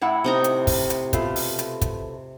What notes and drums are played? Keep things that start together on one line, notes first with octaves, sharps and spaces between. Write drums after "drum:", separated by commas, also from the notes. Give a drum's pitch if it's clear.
A2 E4 F#5
C3 D#4 A#5
drum: hi-hat
drum: kick, open hi-hat
drum: hi-hat
B2 A3 F4, drum: kick, hi-hat
drum: open hi-hat
drum: hi-hat
drum: kick, hi-hat